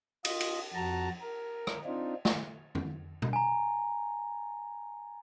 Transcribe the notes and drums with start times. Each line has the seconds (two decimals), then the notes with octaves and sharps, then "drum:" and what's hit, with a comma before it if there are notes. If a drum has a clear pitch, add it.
0.25 F4 D#5, drum: cymbal
0.40 drum: cymbal
0.74 F2 F#4 A5 A#5
1.21 A#4
1.67 drum: rim click
1.85 C4 D4 D#4 F4
2.25 drum: snare
2.75 drum: tom
3.22 drum: tom B2
3.33 G#5 A#5